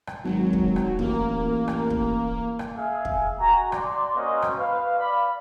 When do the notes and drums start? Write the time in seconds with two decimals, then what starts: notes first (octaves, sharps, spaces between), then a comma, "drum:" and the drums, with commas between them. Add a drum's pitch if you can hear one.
0.07 drum: rim click
0.24 G#1 F#3
0.53 drum: kick
0.76 drum: rim click
0.99 A1 A#3, drum: kick
1.68 drum: rim click
1.90 drum: kick
2.59 drum: rim click
2.76 G#4 E5 F5 G#5
3.05 drum: kick
3.40 F#4 G#5 A#5
3.72 D5 C6, drum: rim click
4.15 A#3 C#4 F#4 C5 D#5
4.42 drum: rim click
4.58 B4 F5
4.98 D5 F5 B5